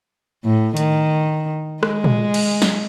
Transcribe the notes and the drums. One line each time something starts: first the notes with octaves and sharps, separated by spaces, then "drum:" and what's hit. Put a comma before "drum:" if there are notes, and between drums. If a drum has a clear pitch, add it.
A2
D#3, drum: hi-hat
G#3, drum: rim click
drum: tom A#2
drum: cymbal
drum: snare